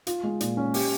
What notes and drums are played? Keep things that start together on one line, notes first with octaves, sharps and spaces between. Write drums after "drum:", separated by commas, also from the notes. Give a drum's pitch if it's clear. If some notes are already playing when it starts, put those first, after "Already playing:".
F4, drum: hi-hat
G#3
A#2, drum: hi-hat
C#4
G4, drum: open hi-hat